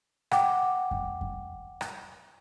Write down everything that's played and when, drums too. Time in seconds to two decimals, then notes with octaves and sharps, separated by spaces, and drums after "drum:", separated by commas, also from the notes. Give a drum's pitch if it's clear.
0.31 F#5 G5 D6, drum: rim click
0.91 drum: kick F2
1.21 drum: kick F2
1.81 drum: rim click